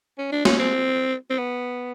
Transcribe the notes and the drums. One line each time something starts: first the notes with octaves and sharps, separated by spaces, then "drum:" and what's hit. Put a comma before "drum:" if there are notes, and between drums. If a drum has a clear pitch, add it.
C#4
D4
C#4, drum: snare
C4
C4
B3